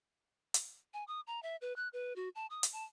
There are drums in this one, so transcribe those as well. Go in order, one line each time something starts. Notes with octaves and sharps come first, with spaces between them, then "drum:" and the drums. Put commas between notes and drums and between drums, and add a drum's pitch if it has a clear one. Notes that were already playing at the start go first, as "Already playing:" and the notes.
drum: hi-hat
G#5
D#6
A#5
E5
B4
F#6
B4
F#4
A5
D#6
drum: hi-hat
A5